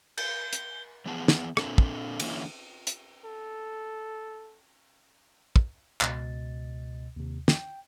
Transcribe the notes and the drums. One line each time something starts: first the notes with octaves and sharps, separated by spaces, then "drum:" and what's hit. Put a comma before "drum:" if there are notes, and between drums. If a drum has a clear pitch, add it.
G6 G7, drum: cymbal
drum: hi-hat
E3 F3 B3 G#4 A5
drum: snare
A#2 C4 D4 A4, drum: rim click
drum: kick
D3 E3 A#3 C4 C#4 E4, drum: cymbal
drum: hi-hat
A4
drum: kick
C#2 B2 D#5 A6, drum: clap
D#2 C3
G5, drum: snare